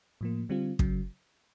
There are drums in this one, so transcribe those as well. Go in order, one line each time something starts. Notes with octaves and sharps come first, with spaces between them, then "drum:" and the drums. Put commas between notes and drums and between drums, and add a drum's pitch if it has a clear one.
A2 F3 A#3
D3 G3 C4 F4
C#3 F#3, drum: kick